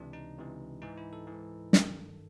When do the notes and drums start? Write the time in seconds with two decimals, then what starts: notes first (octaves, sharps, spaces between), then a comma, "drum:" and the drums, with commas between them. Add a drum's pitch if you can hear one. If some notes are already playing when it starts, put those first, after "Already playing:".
Already playing: C#2 C3 E3 D4
0.13 D#4
0.36 C#2 C3 E3
0.82 G#2 E3 D#4
0.98 E4
1.13 A4
1.27 G#2 E3
1.73 G2 D#3, drum: snare